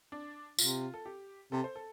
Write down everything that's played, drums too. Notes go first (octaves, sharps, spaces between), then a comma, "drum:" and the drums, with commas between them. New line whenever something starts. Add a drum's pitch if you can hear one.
D4
C3 F4, drum: tambourine
A4
G4
C3 A4
C5
A4